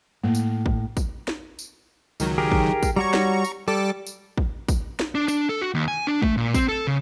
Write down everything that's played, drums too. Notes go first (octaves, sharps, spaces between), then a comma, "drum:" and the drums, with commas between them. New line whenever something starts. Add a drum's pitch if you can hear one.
A2 A#3
drum: tambourine
drum: kick
drum: kick, tambourine
drum: snare
drum: tambourine
C#2 D#3 F#3, drum: tambourine
G4 G#4 A#4
drum: kick
drum: kick, tambourine
G3 F#4 C#5 A#5 C#6
drum: snare
drum: tambourine
G3 A4 A5 D6
drum: tambourine
drum: kick
drum: kick, tambourine
drum: snare
D4
D4, drum: tambourine
A4
F#4
D#2
G#5
D4
A3, drum: kick
A#2
C4, drum: kick, tambourine
A4
C#3